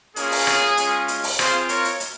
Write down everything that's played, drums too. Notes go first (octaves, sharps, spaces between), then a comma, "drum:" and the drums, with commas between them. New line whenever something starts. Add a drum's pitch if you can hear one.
A#3 C#4 F4 G#4, drum: hi-hat
drum: open hi-hat
drum: rim click
G#3 C#4 F4, drum: hi-hat
drum: hi-hat
drum: open hi-hat
C4 F4 G#4 C5, drum: rim click
A#4 C#5, drum: hi-hat
drum: hi-hat
drum: hi-hat